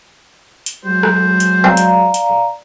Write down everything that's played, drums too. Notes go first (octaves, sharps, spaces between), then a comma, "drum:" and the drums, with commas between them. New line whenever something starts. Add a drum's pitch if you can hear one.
drum: hi-hat
F#3 G#3 C5
drum: rim click
drum: hi-hat
C4 D5 F5 A#5
drum: hi-hat
drum: hi-hat